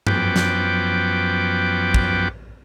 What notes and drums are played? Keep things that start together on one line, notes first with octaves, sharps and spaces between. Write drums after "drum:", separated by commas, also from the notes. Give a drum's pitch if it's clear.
F#2 F3 B3 B4 G5 D6, drum: tom G2
drum: snare
drum: kick